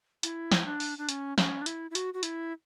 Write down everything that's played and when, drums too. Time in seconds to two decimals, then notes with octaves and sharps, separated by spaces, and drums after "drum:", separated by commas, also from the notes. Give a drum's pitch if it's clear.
0.23 E4, drum: hi-hat
0.52 drum: snare
0.66 D4
0.80 drum: open hi-hat
0.98 D4
1.09 C#4, drum: hi-hat
1.38 C#4, drum: snare
1.62 D4
1.66 E4, drum: hi-hat
1.91 E4
1.95 F#4, drum: hi-hat
2.14 F#4
2.23 E4, drum: hi-hat